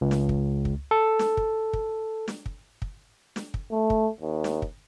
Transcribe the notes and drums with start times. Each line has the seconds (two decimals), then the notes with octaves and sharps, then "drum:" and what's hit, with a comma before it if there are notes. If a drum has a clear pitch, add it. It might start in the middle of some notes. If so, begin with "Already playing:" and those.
0.01 C#2
0.11 drum: snare
0.29 drum: kick
0.65 drum: kick
0.91 A4
1.19 drum: snare
1.37 drum: kick
1.73 drum: kick
2.28 drum: snare
2.46 drum: kick
2.82 drum: kick
3.36 drum: snare
3.54 drum: kick
3.72 A3
3.90 drum: kick
4.21 D#2
4.44 drum: snare
4.62 drum: kick